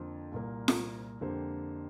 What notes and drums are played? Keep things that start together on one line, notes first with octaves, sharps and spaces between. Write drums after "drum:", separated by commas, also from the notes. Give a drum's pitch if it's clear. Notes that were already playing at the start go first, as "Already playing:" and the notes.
Already playing: F2 D3 F3 A#3 F4
C2 A#2 A#3
drum: snare
F2 D3 A#3 G4 C5